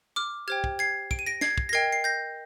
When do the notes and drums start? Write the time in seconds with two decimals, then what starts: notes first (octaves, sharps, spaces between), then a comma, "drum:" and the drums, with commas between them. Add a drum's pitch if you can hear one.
0.16 D6 F6
0.48 G4 C5 G5 F6 G#6
0.64 drum: kick
0.79 G#6 C7
1.11 D7, drum: kick
1.19 D#7
1.26 A#6 D7
1.41 G#6 C7, drum: snare
1.58 drum: kick
1.69 A#6
1.73 A#4 D#5 G5 G#6 C7
1.93 C7
2.04 G6 A#6